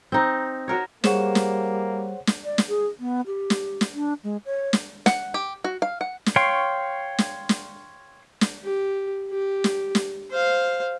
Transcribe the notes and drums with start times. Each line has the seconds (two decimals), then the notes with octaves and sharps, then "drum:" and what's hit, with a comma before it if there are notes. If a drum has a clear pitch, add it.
0.12 C4 D#4
0.68 F#4 A#4 C#5
1.04 G3 A#3 G#4 C5 C#5 F#5 E7, drum: snare
1.35 drum: snare
2.27 drum: snare
2.44 D5
2.58 drum: snare
2.69 G#4
3.00 B3
3.27 G4
3.50 drum: snare
3.81 drum: snare
3.94 D4
4.24 G#3
4.46 C#5
4.73 drum: snare
5.06 F#5, drum: snare
5.34 G4
5.64 F#4
5.82 F5
6.01 F#5
6.26 drum: snare
6.36 C#5 F5 G5 C6 C#6
7.18 drum: snare
7.49 drum: snare
8.41 drum: snare
8.64 G4
9.31 G4
9.64 drum: snare
9.95 drum: snare
10.31 C5 F5